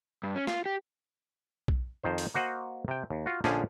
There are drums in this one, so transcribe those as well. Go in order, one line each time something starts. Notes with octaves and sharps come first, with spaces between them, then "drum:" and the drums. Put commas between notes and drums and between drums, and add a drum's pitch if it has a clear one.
G2
C#4
F4, drum: snare
G4
drum: kick B1
F2 D#3 C5
drum: open hi-hat
A#3 F#4 C5 D#5 F#5
C3 G5
D#2
F4 F#4
A#1 D3 F3 C#4 D4 G#4, drum: snare